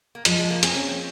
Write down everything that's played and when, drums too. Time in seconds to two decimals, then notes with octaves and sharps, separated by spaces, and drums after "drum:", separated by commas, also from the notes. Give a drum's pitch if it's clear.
0.15 A#3
0.25 F3 G#3, drum: hi-hat
0.39 G#3
0.50 A#3
0.63 C4 G#4, drum: hi-hat
0.74 C#4
0.88 C4